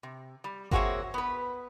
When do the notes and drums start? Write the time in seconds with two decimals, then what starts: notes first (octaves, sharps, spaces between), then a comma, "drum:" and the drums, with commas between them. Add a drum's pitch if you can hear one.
0.03 C3
0.44 G3
0.71 A#3 C4 F#4 G#4 C#5 E5, drum: kick G1
1.14 B3 B4